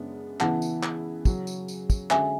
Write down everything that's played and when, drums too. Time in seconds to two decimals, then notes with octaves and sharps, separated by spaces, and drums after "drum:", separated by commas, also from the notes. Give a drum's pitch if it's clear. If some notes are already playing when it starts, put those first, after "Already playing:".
Already playing: F#2 C#3 G#3 B3 D4
0.40 C#3 E3 B3 E4 F#5 A5, drum: clap
0.62 drum: tambourine
0.83 drum: clap
1.25 C#3 F#3 C#4, drum: kick, tambourine
1.47 drum: tambourine
1.68 drum: tambourine
1.90 drum: kick, tambourine
2.11 D3 G#3 C#4 F#4 E5 G#5, drum: clap